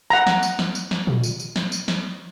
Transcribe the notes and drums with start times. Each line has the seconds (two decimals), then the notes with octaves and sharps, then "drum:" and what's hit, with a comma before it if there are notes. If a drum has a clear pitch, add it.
0.10 F#5 A#5
0.27 drum: snare
0.43 drum: tambourine
0.59 drum: snare
0.75 drum: tambourine
0.91 drum: snare
1.07 drum: tom A#2
1.23 drum: tambourine
1.40 drum: tambourine
1.56 drum: snare
1.72 drum: tambourine
1.88 drum: snare